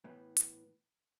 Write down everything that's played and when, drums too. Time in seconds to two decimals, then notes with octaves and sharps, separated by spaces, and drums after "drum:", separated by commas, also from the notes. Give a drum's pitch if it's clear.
0.04 A2 E3 B3
0.37 drum: hi-hat